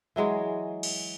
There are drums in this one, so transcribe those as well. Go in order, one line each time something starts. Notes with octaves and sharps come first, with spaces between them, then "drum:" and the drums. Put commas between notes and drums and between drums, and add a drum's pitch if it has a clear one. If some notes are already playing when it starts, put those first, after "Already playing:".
E3 F#3 G#3 G#4
drum: cymbal